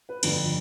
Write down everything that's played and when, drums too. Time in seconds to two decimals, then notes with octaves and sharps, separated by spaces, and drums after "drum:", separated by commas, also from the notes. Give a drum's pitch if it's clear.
0.09 B4
0.23 G1 F2 D3, drum: cymbal